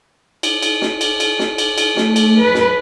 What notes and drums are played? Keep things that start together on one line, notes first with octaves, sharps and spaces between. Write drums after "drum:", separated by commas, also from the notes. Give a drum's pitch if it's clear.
drum: cymbal
drum: cymbal
drum: snare
drum: cymbal
drum: cymbal
drum: snare
drum: cymbal
drum: cymbal
A3, drum: snare
drum: cymbal
B4
drum: snare